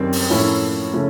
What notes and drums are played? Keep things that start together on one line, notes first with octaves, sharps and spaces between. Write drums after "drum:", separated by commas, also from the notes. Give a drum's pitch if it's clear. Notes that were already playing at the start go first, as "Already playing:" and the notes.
Already playing: F#2 D#3 G3 C4
drum: open hi-hat
A2 F3 A#3 C#4 E4
C#3 F3 A3 C#4 E4